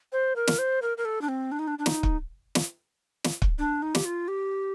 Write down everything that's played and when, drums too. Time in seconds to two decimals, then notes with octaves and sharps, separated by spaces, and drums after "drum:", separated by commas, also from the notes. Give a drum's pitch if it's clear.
0.12 C5
0.36 A#4
0.47 drum: snare
0.59 C5
0.82 A#4
0.97 A#4
1.05 A4
1.21 D4
1.28 C4
1.52 D4
1.59 D#4
1.67 D4
1.79 D4
1.86 D#4, drum: snare
2.03 drum: kick
2.55 drum: snare
3.24 drum: snare
3.42 drum: kick
3.59 D4
3.82 D#4
3.95 G4, drum: snare
4.05 F4
4.28 G4